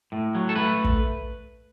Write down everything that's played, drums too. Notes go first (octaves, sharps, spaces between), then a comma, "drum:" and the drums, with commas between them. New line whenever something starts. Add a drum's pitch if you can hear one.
A2
F#3
A4
A3 B4
drum: kick